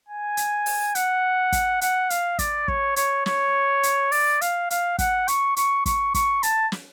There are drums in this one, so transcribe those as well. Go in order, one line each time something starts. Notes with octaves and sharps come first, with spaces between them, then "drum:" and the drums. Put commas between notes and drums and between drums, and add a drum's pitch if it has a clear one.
G#5
drum: hi-hat
drum: open hi-hat
F#5, drum: hi-hat
drum: kick, hi-hat
F#5, drum: hi-hat
F5, drum: hi-hat
D5, drum: kick, hi-hat
C#5, drum: kick
C#5, drum: hi-hat
C#5, drum: snare
drum: hi-hat
D5, drum: open hi-hat
F5, drum: hi-hat
F5, drum: hi-hat
F#5, drum: kick, hi-hat
C#6, drum: hi-hat
C#6, drum: hi-hat
C#6, drum: kick, hi-hat
C#6, drum: kick, hi-hat
A5, drum: hi-hat
drum: snare